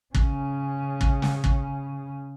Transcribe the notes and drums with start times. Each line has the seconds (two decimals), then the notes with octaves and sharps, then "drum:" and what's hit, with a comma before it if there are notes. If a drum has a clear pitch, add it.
0.14 C#3 C#4, drum: kick
1.01 drum: kick
1.22 drum: snare
1.44 drum: kick